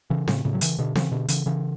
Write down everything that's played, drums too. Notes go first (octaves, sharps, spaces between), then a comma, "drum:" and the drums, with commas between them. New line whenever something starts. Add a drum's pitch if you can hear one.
C#3 E3
A2 C#3, drum: snare C4
A2 C#3
F#3
C#3 E3, drum: hi-hat
B2 D3
C#3 E3, drum: snare C4
B2 D3
C#3 E3, drum: hi-hat
C#3 E3